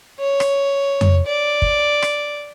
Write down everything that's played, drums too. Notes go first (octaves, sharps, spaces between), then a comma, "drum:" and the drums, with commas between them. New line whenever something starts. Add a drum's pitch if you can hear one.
C#5
drum: rim click
drum: tom F2
D5
drum: kick
drum: rim click